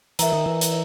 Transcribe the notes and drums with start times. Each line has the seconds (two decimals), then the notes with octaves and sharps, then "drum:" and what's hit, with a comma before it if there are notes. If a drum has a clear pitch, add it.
0.19 E3 A#4 E5 A#5, drum: hi-hat
0.33 D#3
0.46 E3
0.61 drum: hi-hat